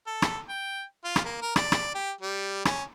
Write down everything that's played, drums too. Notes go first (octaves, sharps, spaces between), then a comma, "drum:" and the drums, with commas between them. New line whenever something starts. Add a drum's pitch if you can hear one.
A4
drum: rim click
G5
F4
drum: rim click
A#3
A#4
D5, drum: rim click
drum: rim click
G4
G3
C#4, drum: rim click